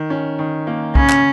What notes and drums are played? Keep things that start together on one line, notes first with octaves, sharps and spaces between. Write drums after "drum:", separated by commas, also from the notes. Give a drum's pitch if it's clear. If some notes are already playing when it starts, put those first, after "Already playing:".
Already playing: D#3
C#4
D#3
A#3
C#3 C#4, drum: kick B1
drum: clap